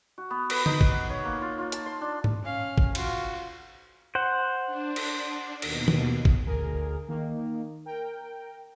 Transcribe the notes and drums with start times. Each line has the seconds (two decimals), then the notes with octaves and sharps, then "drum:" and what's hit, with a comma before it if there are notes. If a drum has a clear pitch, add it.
0.18 F#4
0.31 B3
0.50 B4, drum: cymbal
0.66 D#4, drum: tom D3
0.81 drum: kick
0.91 F#5
1.10 C#5
1.24 A#3
1.42 F4
1.58 F4
1.72 A5, drum: hi-hat
1.86 C6
2.01 D4
2.24 drum: tom G#2
2.43 C#4 F5
2.78 drum: kick
2.95 F4 F#4, drum: cymbal
4.15 C5 F#5
4.67 D4
4.96 drum: cymbal
5.62 D#2 B2, drum: cymbal
5.88 drum: tom D#3
6.25 drum: kick
6.45 D2 G#4 A#4
7.08 D#3 A#3
7.85 A#4 G5